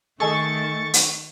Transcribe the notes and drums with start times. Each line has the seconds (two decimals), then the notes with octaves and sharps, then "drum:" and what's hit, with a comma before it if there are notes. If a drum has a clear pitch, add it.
0.20 D#3 A3 G#4 A4 D#5 C#6 A6
0.94 drum: hi-hat